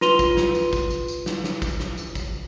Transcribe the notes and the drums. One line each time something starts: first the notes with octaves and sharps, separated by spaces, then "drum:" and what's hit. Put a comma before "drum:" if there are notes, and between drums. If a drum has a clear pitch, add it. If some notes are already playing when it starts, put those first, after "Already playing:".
F4 B4 C6 D#7 F7 G7, drum: snare
drum: kick, tambourine
drum: snare
drum: tambourine
drum: kick, tambourine
drum: tambourine
drum: tambourine
drum: snare
drum: snare
drum: kick, tambourine
drum: snare
drum: tambourine
drum: kick, tambourine